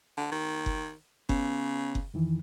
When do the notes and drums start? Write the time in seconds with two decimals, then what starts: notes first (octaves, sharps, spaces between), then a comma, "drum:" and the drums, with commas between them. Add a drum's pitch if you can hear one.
0.18 D3
0.32 D#3
0.66 drum: kick F#1
1.29 C#3 B3 C#4, drum: kick F#1
1.95 drum: kick F#1
2.14 F2 D#3 E3